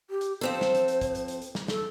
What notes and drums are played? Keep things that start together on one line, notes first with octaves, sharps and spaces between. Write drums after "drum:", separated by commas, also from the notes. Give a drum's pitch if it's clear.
G4
drum: hi-hat
F3 C4 A4 C5
drum: snare
drum: hi-hat
drum: hi-hat
drum: kick, hi-hat
drum: hi-hat
drum: hi-hat
drum: hi-hat
drum: snare
A4, drum: snare